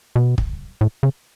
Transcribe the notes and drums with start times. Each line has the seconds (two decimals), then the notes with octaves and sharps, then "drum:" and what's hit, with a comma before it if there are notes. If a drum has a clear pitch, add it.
0.16 B2
0.38 drum: kick
0.81 A2
1.03 C#3